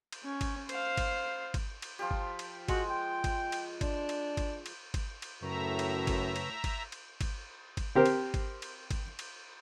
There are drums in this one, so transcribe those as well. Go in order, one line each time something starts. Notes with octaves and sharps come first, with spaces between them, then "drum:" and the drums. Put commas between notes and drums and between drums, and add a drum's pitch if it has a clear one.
drum: cymbal
C#4
drum: kick G1, cymbal
C5 F5, drum: cymbal
drum: kick G1, cymbal
drum: kick G1, cymbal
drum: cymbal
F3 F4 G4
drum: kick G1
drum: cymbal
G#3 F#4, drum: kick G1, cymbal
G5
drum: kick G1, cymbal
drum: cymbal
D4, drum: kick G1, cymbal
drum: cymbal
drum: kick G1, cymbal
drum: cymbal
drum: kick G1, cymbal
drum: cymbal
F#2 A2 C#3 B4 E5 A#5 C#6
drum: cymbal
drum: kick G1, cymbal
drum: cymbal
drum: kick G1, cymbal
drum: cymbal
drum: kick G1, cymbal
drum: kick G1, cymbal
C4 G4 A#4 C5
drum: cymbal
drum: kick G1, cymbal
drum: cymbal
drum: kick G1, cymbal
drum: cymbal